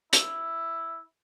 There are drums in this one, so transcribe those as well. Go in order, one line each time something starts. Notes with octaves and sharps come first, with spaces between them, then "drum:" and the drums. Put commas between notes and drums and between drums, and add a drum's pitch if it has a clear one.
E4, drum: hi-hat